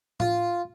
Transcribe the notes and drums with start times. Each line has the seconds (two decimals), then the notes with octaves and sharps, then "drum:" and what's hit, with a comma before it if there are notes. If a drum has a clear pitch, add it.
0.20 F4, drum: tom A2